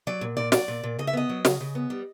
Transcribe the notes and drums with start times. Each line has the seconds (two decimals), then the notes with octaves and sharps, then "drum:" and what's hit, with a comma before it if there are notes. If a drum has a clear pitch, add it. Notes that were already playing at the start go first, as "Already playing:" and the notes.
0.07 F#3 D5
0.21 A#2
0.37 A#2 D5
0.52 F#3 D5, drum: snare
0.68 A#2
0.84 A#2
0.99 C#3 D#5
1.07 E5
1.13 B3 D#5
1.29 F#3
1.45 C#3, drum: snare
1.60 C#3
1.75 B3
1.90 G3